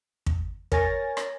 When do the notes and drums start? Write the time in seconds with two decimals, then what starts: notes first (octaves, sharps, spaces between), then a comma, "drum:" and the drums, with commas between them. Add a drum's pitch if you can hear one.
0.26 drum: kick
0.72 A#4 C#5 G#5 A6 A#6, drum: kick
1.17 drum: rim click